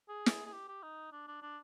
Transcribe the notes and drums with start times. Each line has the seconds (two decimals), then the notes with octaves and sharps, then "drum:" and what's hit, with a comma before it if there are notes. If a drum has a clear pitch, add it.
0.09 G#4
0.26 drum: snare
0.46 G#4
0.53 G4
0.68 G4
0.83 D#4
1.12 D4
1.27 D4
1.42 D4